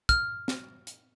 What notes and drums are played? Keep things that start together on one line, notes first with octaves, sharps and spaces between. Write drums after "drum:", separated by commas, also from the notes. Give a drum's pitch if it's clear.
F6, drum: kick, hi-hat
drum: snare
drum: hi-hat